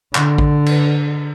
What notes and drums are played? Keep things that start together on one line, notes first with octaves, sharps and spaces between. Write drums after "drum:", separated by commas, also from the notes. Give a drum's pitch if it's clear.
D3, drum: clap
drum: kick A1
drum: cymbal